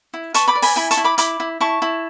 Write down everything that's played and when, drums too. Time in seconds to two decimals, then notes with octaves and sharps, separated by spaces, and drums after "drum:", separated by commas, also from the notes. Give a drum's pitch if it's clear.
0.14 E4
0.34 B4 A5 C#6, drum: hi-hat
0.48 B5 D6
0.55 D5
0.62 G#5 B5, drum: open hi-hat
0.76 E4 G#5 B5
0.91 A5 C#6, drum: hi-hat
0.97 E4
1.04 B5 D6
1.18 E4 B5 D6, drum: hi-hat
1.40 E4
1.60 E4 A5 C#6
1.82 E4